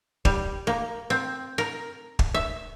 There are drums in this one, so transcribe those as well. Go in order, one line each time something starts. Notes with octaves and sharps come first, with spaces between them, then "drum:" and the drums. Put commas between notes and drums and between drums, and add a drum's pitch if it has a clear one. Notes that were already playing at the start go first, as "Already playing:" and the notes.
G3, drum: kick
A#3
C4
A#4
drum: kick
E5